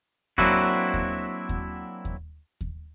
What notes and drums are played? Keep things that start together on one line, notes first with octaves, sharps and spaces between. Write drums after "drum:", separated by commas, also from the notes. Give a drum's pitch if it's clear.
F#3 A#3 C4 D4 E4 F#4, drum: kick D#2
drum: kick D#2
drum: kick D#2
drum: kick D#2
drum: kick D#2